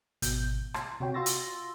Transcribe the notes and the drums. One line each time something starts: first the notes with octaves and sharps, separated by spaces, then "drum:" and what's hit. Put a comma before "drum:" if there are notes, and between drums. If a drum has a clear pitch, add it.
G#1 B2 G6, drum: hi-hat
C6, drum: rim click
C3 F#4 C#5 G5
F4 F#4 C6 E6 A6 A#6
drum: hi-hat